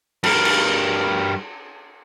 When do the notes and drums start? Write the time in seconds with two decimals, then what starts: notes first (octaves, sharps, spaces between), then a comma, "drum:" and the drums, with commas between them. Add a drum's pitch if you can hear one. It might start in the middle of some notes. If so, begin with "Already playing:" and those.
0.24 G2 A#4, drum: cymbal
0.45 drum: cymbal